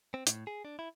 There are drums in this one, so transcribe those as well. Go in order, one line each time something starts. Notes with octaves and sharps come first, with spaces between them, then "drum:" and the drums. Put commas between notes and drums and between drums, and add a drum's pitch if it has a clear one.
C4
A2, drum: hi-hat
G#4
D4
E4